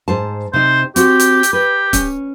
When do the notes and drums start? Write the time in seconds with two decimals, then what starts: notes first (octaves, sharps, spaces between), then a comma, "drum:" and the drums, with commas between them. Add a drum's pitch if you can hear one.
0.08 G#2 C5 A5
0.53 C3 D#4 C5
0.96 C4 F#4 G4, drum: hi-hat
1.20 drum: hi-hat
1.43 drum: hi-hat
1.53 G4 B4
1.93 C#4, drum: kick C#1, hi-hat